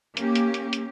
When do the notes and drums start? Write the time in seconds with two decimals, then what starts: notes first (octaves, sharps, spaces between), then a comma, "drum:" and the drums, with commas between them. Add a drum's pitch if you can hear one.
0.17 A#3 C#4 G4, drum: hi-hat
0.35 drum: hi-hat
0.54 drum: hi-hat
0.73 drum: hi-hat